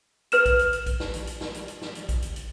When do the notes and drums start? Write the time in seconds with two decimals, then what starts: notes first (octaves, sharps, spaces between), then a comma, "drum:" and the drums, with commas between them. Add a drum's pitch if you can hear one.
0.32 B4 F6 E7, drum: hi-hat
0.46 drum: kick A#1, hi-hat
0.59 drum: hi-hat
0.73 drum: hi-hat
0.86 drum: kick A#1, hi-hat
1.00 drum: snare
1.14 drum: hi-hat
1.27 drum: hi-hat
1.41 drum: snare
1.54 drum: hi-hat
1.68 drum: hi-hat
1.82 drum: snare
1.95 drum: hi-hat
2.09 drum: kick A#1, hi-hat
2.22 drum: hi-hat
2.36 drum: hi-hat